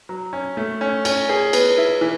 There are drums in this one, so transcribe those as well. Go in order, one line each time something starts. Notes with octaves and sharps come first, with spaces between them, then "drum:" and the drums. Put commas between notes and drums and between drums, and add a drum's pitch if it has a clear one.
F#3
C#4
A3
C#4
C#4, drum: cymbal
G#4
B3, drum: cymbal
E4
E3